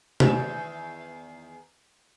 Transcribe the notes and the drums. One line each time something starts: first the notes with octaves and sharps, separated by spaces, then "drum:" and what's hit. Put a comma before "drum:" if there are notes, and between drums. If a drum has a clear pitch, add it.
E2 D#3 E5, drum: tom